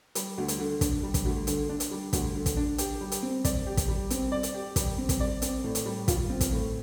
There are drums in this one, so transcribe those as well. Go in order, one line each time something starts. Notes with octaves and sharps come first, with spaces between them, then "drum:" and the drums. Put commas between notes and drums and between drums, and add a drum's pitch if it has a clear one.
G3, drum: hi-hat
D2
drum: hi-hat
D3
D4, drum: kick, hi-hat
G3
drum: kick, hi-hat
D2
D3, drum: hi-hat
D4
drum: hi-hat
G3
D2, drum: kick, hi-hat
D3
drum: kick, hi-hat
D4
G4, drum: hi-hat
G3
drum: hi-hat
C4
D5, drum: kick, hi-hat
G4
drum: kick, hi-hat
G3
C4, drum: hi-hat
D5
drum: hi-hat
G4
G3, drum: kick, hi-hat
C4
drum: kick, hi-hat
D5
C4, drum: hi-hat
A2
drum: hi-hat
G3
F4, drum: kick, hi-hat
C4
drum: kick, hi-hat
A2